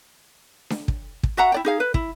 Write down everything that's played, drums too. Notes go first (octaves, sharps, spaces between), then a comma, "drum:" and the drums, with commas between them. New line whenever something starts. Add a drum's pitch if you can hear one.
drum: snare D4
drum: kick
drum: kick
F#4 E5 F#5 A#5
E4 D5 G5
D#4 G#4 F5
B4
E4, drum: kick